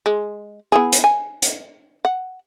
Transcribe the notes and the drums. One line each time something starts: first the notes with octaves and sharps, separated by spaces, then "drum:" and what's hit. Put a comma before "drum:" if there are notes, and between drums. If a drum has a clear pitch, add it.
G#3
B3 E4 G#4
drum: hi-hat
G#5
drum: hi-hat
F#5